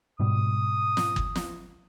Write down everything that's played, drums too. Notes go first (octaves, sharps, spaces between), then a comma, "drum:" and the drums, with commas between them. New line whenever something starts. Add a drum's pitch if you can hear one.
G#2 B2 G3 D#6
drum: snare
drum: kick
drum: snare